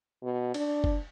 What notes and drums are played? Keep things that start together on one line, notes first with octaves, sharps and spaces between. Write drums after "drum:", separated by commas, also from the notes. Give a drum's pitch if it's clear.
B2
D4, drum: cymbal
drum: kick F#1